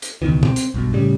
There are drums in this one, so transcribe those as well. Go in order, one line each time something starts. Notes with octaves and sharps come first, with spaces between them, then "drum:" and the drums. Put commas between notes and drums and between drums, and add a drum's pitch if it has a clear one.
drum: hi-hat
C#2 B2 D#3 E3
C4, drum: tom
drum: hi-hat
B1 G2 B2
A2 C#3 G3